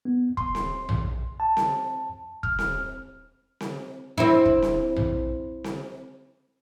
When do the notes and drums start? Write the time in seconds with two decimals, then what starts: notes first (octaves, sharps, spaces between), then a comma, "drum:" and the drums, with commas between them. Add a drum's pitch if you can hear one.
0.05 B3
0.37 C6, drum: kick E1
0.55 drum: snare C4
0.89 drum: tom A#1
1.40 A5
1.57 drum: snare C4
2.43 F6, drum: kick E1
2.59 drum: snare C4
3.60 drum: snare C4
4.18 C4 E4
4.45 drum: kick E1
4.62 drum: snare C4
4.96 drum: tom A#1
5.64 drum: snare C4